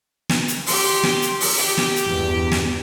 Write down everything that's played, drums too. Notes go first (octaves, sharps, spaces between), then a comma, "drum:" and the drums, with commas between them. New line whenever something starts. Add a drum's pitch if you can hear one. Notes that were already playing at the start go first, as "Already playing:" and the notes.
drum: snare
drum: hi-hat
G4 C6, drum: open hi-hat
drum: snare
drum: hi-hat
drum: open hi-hat
G4
drum: snare
drum: hi-hat
E2 G2
drum: snare